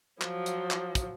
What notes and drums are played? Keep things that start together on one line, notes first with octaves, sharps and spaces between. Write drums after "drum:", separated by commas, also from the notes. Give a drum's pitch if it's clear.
F3 F#3, drum: clap
drum: hi-hat
drum: clap
drum: kick, hi-hat